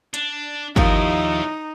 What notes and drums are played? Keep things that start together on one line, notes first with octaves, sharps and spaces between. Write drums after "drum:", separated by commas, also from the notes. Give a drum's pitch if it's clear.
D4, drum: hi-hat
D#2 F3 D#4 E4 C#5 D#5, drum: kick